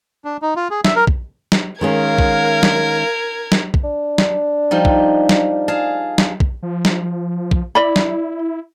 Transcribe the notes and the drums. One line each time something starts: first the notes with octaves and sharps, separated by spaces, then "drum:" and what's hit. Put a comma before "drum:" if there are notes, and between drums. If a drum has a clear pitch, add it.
D4
D#4
F4
G#4
E5, drum: snare
A#4
drum: kick A#1
drum: snare
D#3 G#3 C#4 A#4 F5 G#6
drum: kick A#1
drum: snare
drum: snare
drum: kick A#1
D4
drum: snare
F3 G3 D#4
drum: kick A#1
drum: snare
G#4 F5 A5
drum: snare
drum: kick A#1
F3
drum: snare
drum: kick A#1
E4 D5 B5
drum: snare